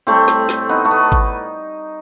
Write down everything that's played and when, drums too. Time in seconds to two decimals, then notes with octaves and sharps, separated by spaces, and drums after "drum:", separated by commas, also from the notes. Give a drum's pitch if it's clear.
0.07 A2 G3 A3 C4
0.28 drum: snare
0.49 drum: snare
0.69 B3 D#4
0.85 A3
0.91 B3
1.12 drum: kick G#1